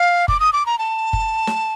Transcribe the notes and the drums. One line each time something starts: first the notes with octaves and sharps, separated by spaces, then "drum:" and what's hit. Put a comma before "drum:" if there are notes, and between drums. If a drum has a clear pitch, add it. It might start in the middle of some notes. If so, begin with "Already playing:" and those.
Already playing: F5
D6, drum: kick
D#6
D6
A#5
A5
drum: kick
drum: snare